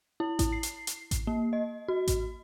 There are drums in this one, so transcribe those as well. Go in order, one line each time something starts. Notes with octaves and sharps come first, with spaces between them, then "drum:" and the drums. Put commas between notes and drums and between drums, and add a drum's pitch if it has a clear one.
E4
E4, drum: kick A1, hi-hat
C7
drum: hi-hat
drum: hi-hat
drum: kick A1, hi-hat
A#3
D#5
F#4
drum: kick A1, hi-hat